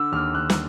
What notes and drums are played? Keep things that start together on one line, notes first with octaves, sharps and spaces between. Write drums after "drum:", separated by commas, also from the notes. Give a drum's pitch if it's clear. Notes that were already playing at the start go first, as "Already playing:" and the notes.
Already playing: D3 E6
D#2 F6
D3 F#6
drum: snare